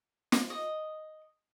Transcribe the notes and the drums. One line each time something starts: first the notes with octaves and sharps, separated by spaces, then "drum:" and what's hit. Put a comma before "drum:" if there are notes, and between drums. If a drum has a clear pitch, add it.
drum: snare
D#5